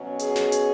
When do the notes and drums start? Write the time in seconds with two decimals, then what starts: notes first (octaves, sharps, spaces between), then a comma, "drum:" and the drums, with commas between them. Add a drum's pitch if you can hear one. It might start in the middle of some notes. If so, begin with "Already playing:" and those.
Already playing: B2 F#3 C#4
0.19 G#4, drum: hi-hat
0.36 drum: snare
0.52 drum: hi-hat